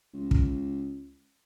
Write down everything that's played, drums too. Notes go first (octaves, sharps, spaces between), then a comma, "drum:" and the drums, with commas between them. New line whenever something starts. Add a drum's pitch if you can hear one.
C#2
drum: kick